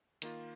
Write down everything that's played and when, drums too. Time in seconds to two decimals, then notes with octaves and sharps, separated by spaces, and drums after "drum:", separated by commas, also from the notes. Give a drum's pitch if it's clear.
0.22 D#3 A#3 F4, drum: hi-hat